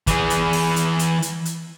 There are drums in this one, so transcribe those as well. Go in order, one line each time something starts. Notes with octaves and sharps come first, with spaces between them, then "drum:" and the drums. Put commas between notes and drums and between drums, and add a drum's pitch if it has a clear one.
E3 G#4, drum: kick, hi-hat
drum: hi-hat
drum: open hi-hat
drum: hi-hat
drum: hi-hat
drum: hi-hat
drum: hi-hat